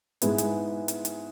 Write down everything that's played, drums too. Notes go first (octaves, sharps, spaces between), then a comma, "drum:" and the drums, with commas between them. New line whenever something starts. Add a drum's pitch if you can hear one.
G#2 G#3 B3 E4, drum: hi-hat
drum: hi-hat
drum: hi-hat
drum: hi-hat